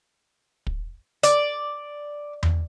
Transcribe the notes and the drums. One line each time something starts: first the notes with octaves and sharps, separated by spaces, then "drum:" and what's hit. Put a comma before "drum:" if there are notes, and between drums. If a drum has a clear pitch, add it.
drum: kick
D5, drum: hi-hat
drum: tom E2